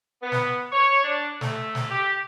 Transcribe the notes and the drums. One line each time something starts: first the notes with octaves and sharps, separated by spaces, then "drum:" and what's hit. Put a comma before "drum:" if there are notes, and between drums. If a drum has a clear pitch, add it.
B3
drum: snare
C#5
D4
A3, drum: snare
drum: snare
G4